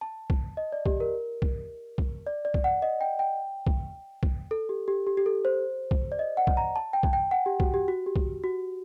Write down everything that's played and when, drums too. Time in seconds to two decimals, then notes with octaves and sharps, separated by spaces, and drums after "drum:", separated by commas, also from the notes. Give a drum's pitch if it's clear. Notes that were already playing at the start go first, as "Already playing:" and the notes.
0.01 A5
0.30 drum: kick
0.57 D#5
0.72 D5
0.86 G4, drum: kick
1.00 A#4
1.42 drum: kick
1.98 drum: kick
2.27 D5
2.45 D5
2.54 drum: kick
2.64 F#5
2.82 D#5
3.01 G5
3.19 G5
3.67 drum: kick
4.23 drum: kick
4.51 A4
4.69 G4
4.88 G4
5.07 G4
5.17 G4
5.26 A4
5.45 C5
5.91 drum: kick
6.12 D5
6.19 D#5
6.37 F#5
6.47 drum: kick
6.57 A#5
6.76 A5
6.93 G5
7.03 drum: kick
7.13 G5
7.31 F#5
7.46 G4
7.60 F#4, drum: kick
7.74 G4
7.88 F#4
8.06 G4
8.16 drum: kick
8.44 F#4